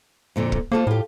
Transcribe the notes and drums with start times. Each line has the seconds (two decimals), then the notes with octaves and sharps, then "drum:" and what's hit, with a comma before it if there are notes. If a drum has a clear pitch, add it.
0.36 F2 A#2 D3
0.52 drum: kick
0.72 A#3 F4 A4 C5
0.87 A2 F4 G4